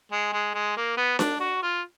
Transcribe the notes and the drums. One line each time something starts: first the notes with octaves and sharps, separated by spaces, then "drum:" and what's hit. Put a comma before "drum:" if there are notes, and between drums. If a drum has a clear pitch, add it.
G#3
G#3
G#3
A#3
B3
D4, drum: snare D4
F#4
F4